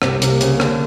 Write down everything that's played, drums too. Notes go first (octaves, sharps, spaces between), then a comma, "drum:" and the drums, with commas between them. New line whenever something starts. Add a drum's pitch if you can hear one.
C2 C3, drum: rim click
C3, drum: hi-hat
A#3
C#3, drum: hi-hat
A#3
D3, drum: rim click